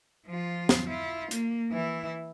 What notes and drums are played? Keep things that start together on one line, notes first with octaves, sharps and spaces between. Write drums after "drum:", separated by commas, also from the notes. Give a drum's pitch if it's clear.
F3 F4
drum: snare
E4 F4
A#3, drum: hi-hat
E3 E4